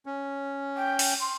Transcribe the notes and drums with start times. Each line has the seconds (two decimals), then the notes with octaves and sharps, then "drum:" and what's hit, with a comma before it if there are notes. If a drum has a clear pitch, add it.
0.06 C#4
0.77 G5
0.99 drum: open hi-hat
1.20 C6